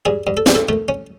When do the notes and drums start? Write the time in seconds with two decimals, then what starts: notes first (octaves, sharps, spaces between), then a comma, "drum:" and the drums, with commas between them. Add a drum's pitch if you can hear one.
0.05 G2 G#4
0.27 G2
0.37 A4
0.46 G3 G#4, drum: snare
0.55 A4
0.69 A3 A#4
0.88 C#4